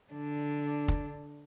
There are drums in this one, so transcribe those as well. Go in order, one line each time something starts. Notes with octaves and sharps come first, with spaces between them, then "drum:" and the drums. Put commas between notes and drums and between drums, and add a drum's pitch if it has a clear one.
D3 D4
drum: kick